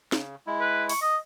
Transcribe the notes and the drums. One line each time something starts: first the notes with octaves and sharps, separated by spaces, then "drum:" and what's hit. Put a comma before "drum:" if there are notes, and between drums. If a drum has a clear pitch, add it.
C#3, drum: snare
G#3 E4
B4
C#6, drum: open hi-hat
D#5